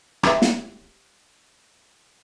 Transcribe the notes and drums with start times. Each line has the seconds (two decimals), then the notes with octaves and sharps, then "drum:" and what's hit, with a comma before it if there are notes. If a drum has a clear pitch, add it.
0.23 G4 B4 E5, drum: rim click
0.42 drum: snare